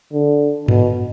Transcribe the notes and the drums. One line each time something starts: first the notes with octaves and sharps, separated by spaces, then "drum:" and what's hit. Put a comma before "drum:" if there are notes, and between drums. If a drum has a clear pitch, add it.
D3
B2, drum: tom G2